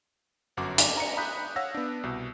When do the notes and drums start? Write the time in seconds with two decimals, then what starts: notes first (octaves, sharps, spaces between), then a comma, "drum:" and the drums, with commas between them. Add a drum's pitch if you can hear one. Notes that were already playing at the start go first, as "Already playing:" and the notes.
0.57 G1 F#2 F#4 D6
0.78 drum: hi-hat
0.97 A#5 C#7
1.17 A#5 B5 D#6 F#6 G6 B6
1.56 C#5 F5 F#5 E6 A#6
1.75 B3 D4
2.03 C2 B2